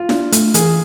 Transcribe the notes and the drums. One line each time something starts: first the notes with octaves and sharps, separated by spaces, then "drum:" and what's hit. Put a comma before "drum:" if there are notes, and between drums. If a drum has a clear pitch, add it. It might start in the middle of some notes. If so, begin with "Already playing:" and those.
Already playing: F4
D4, drum: snare E4
A3, drum: hi-hat
E3 G#4, drum: hi-hat